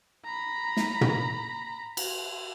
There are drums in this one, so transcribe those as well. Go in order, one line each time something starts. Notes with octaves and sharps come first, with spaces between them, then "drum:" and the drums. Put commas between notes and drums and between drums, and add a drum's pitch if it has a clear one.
A#5 B5
drum: snare
drum: tom
drum: cymbal